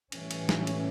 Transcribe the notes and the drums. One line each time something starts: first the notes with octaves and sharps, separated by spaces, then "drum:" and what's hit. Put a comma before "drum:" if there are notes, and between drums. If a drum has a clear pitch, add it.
A2 E3 G3 C#4, drum: cymbal
drum: cymbal
drum: snare
drum: cymbal